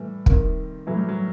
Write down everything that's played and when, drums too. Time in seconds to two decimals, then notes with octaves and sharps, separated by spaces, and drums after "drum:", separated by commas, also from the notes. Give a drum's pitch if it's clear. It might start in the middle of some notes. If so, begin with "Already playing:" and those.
Already playing: A2 E3 G3
0.26 C3 D#3, drum: kick
0.87 A2 E3 F#3
0.97 G3
1.09 F#3